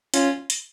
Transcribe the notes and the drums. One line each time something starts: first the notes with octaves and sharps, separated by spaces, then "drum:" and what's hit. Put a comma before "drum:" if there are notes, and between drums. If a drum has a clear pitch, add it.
C#4 F4, drum: hi-hat
drum: hi-hat